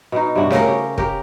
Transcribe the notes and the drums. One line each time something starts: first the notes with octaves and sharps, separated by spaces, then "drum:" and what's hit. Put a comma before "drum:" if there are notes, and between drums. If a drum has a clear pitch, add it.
B2 D#4
G2 C3 D4 F#4
C#3 C4 C#4 A#4, drum: snare
G4
G4 A#4, drum: kick